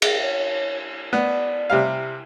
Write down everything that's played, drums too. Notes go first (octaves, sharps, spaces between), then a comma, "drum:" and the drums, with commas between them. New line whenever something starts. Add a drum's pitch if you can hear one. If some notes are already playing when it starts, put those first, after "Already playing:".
G#4, drum: cymbal
C#5
B3 D5
C3 G3 F5